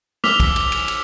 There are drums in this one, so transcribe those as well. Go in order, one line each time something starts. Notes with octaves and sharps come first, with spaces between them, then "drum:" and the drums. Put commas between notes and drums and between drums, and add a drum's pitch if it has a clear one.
D6 E6 F6 B6 F7 G7, drum: snare
drum: kick, cymbal
drum: cymbal
drum: cymbal
drum: cymbal